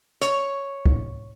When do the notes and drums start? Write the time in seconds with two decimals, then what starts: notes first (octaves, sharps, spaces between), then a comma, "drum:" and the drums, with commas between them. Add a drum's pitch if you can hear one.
0.21 C#5, drum: hi-hat
0.86 drum: kick